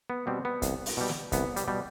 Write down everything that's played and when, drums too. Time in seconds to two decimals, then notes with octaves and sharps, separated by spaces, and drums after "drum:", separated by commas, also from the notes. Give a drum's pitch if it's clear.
0.10 B3
0.27 B2 G3 C4
0.45 B3
0.62 C2, drum: kick, hi-hat
0.86 drum: open hi-hat
0.97 B2 G3
1.09 drum: snare
1.32 C2 B3, drum: kick, hi-hat
1.56 G3, drum: hi-hat
1.68 B2 G3